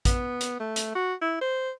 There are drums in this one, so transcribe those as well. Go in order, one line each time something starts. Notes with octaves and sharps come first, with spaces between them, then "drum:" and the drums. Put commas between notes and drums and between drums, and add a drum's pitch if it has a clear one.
B3, drum: kick, hi-hat
drum: hi-hat
A3
drum: hi-hat
F#4
E4
C5